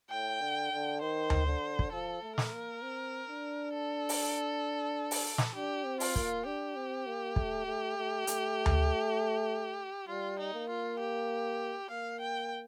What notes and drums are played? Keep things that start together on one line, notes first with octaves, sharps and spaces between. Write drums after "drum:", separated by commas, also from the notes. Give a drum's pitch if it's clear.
A2 G5
D3
D3
D#3 C5
drum: tom D2
D3
drum: kick
F3 A4
A3
A#4, drum: snare
A#3
C4
D4
A4
drum: open hi-hat
drum: open hi-hat
drum: snare
D4 G4
C4
F4, drum: open hi-hat
A#3, drum: kick
D4 G4
C4
A#3
A3, drum: kick
A3
A3
A3, drum: hi-hat
drum: tom D2
G3 F4
D#4
A#3
F4
G4
A#3 F5
G5